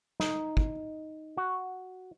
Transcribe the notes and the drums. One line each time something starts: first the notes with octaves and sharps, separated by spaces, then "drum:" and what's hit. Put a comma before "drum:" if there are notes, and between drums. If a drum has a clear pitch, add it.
D#4, drum: snare
drum: kick
F#4